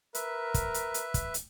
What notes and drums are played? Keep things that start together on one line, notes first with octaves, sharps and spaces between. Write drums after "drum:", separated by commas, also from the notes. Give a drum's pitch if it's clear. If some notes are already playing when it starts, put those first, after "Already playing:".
A#4 B4 E5, drum: hi-hat
drum: kick, hi-hat
drum: hi-hat
drum: hi-hat
drum: kick, hi-hat
drum: hi-hat